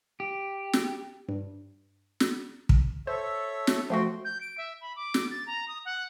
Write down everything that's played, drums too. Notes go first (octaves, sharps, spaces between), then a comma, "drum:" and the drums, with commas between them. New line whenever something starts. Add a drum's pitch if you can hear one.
G4
drum: snare
G2
drum: snare
drum: kick
A4 C5 C#5 E5
drum: snare
F3 A3 F#4 C5 G5 C6
G6
D7
E5
B5
D6
drum: snare
A6
A#5
D#6
F#5